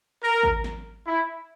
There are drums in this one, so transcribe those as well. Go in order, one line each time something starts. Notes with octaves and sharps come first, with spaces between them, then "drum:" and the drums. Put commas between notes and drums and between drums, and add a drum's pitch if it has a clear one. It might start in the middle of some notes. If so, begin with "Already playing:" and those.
A#4
drum: kick G#1
drum: snare
E4